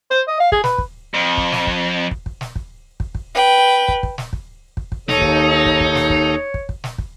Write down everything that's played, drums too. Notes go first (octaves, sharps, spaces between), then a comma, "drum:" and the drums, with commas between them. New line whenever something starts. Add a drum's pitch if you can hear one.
C5
D#5
F5
G#4, drum: kick
B4, drum: snare
drum: kick
F2
drum: kick
drum: snare
drum: kick
drum: kick
drum: kick
drum: snare
drum: kick
drum: kick
drum: kick
B4 G5
drum: kick
drum: kick
drum: snare
drum: kick
drum: kick
drum: kick
D#2 D#4 A4 C#5, drum: snare
drum: kick
drum: kick
drum: kick
drum: snare
drum: kick
drum: kick
drum: kick
drum: snare
drum: kick